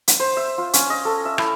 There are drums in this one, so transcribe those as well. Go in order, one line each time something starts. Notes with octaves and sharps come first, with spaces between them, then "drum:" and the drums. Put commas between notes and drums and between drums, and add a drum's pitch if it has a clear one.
drum: hi-hat
C5
E5
F4
C#4, drum: hi-hat
D#5
A4
E5
E4, drum: rim click